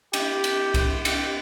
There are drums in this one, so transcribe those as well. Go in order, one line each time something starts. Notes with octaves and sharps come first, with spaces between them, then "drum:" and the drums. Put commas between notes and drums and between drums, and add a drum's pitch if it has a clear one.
G4, drum: cymbal
drum: cymbal
drum: kick C2, cymbal
G4, drum: cymbal